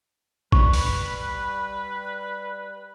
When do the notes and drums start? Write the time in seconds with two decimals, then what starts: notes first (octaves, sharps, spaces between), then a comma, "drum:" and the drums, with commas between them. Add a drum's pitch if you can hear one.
0.52 G3 B4 C#6, drum: kick
0.73 drum: open hi-hat